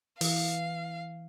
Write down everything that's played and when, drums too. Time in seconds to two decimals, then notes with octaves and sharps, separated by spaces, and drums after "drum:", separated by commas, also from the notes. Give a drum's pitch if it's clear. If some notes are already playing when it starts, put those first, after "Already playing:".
0.21 E3 F5, drum: open hi-hat